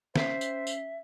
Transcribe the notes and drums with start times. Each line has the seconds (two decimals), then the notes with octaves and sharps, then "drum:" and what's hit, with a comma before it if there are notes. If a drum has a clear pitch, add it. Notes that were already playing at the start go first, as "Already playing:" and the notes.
0.16 C#4 C5 E5 B6 C7, drum: snare
0.41 drum: tambourine
0.67 drum: tambourine